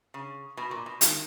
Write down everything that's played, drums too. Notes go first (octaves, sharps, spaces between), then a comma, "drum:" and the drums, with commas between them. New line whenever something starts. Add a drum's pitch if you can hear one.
C#3
B2
A#2
B2
D#3, drum: hi-hat